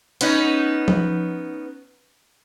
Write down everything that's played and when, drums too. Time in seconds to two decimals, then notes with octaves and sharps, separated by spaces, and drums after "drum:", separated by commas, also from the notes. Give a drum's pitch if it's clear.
0.21 B3 C#4 D#4, drum: hi-hat
0.88 drum: tom F3